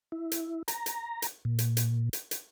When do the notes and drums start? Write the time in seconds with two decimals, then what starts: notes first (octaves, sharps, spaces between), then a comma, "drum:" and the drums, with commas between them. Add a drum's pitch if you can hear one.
0.12 E4
0.32 drum: hi-hat
0.68 A#5, drum: hi-hat
0.86 drum: hi-hat
1.22 drum: hi-hat
1.45 A#2
1.59 drum: hi-hat
1.77 drum: hi-hat
2.13 drum: hi-hat
2.31 drum: hi-hat